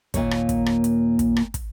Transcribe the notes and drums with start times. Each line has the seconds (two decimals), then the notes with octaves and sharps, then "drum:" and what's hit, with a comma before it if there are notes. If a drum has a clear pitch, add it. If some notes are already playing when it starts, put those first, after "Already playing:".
0.14 D#2 A#2 G#3 A#3 C#5, drum: kick, hi-hat
0.31 drum: rim click
0.49 drum: kick, hi-hat
0.66 drum: rim click
0.84 drum: hi-hat
1.19 drum: kick, hi-hat
1.36 drum: rim click
1.54 drum: kick, hi-hat